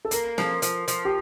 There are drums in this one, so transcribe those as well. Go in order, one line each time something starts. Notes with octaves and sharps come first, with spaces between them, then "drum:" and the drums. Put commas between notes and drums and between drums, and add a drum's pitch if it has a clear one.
A4
A#3 A#4, drum: hi-hat
F3, drum: snare
F3, drum: hi-hat
F3, drum: hi-hat
G4